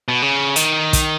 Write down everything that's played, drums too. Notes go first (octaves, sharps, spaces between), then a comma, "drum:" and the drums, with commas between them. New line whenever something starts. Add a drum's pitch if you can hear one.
B2
C#3
D#3, drum: hi-hat
drum: kick, hi-hat